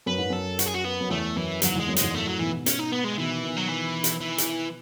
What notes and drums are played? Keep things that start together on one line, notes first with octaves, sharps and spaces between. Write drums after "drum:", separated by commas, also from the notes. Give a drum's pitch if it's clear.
F#2 B4
G#2
F#2 A4
F#4, drum: hi-hat
G#4
F#4
B3
F#2
E2 A3
F#2 E3
E2 G#2 F#3, drum: hi-hat
E2 G#2 G#3
F#2
E2 G#2 G#3, drum: hi-hat
F#2 A2 A3
F#3
G#2 B2 E3
C#4, drum: hi-hat
D#4
B3
G#3
B2 D#3 E3
B2 D#3
F#3
E3
drum: hi-hat
E3
drum: hi-hat